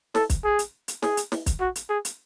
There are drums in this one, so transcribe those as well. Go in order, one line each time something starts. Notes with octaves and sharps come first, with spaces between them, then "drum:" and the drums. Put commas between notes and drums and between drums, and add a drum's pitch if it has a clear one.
A4, drum: snare
drum: kick, hi-hat
G#4
drum: hi-hat
drum: hi-hat
G#4, drum: snare
drum: hi-hat
drum: snare
drum: kick, hi-hat
F#4
drum: hi-hat
G#4
drum: hi-hat